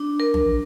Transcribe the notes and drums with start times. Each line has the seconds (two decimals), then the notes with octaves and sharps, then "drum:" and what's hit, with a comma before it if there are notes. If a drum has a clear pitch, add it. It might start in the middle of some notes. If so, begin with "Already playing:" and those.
Already playing: D4
0.20 A#4
0.34 drum: tom